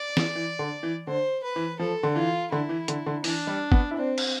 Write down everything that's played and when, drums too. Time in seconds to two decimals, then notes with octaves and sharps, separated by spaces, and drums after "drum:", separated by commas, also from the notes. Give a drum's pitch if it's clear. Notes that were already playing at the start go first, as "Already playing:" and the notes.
Already playing: D5
0.17 E3, drum: snare
0.35 E3
0.59 D3
0.83 E3
1.07 D3 C5
1.44 B4
1.56 E3
1.79 F3 A4
2.03 D3
2.15 E3 F4
2.52 D3 E4
2.69 E3
2.88 D3, drum: hi-hat
3.06 D3
3.24 E3 D4, drum: open hi-hat
3.47 G3
3.72 B3, drum: kick G1
3.91 E4
3.96 C4 D4
4.18 drum: cymbal